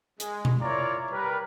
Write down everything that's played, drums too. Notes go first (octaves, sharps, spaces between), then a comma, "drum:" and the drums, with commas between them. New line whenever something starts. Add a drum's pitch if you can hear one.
G#3, drum: hi-hat
drum: tom B2
E4 F4 A#4 C#5 D5 A#5
G3 A#4 B4